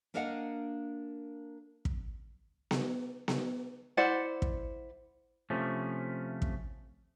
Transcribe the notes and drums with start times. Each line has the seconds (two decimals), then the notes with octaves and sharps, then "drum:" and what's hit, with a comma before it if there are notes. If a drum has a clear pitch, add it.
0.14 A#3 D4 A#4 D#5 F5 F#5
1.85 drum: kick
2.71 drum: snare B3
3.28 drum: snare B3
3.97 E4 C5 D5 F#5
4.42 drum: kick
5.50 C3 F3 A3 C#4
6.42 drum: kick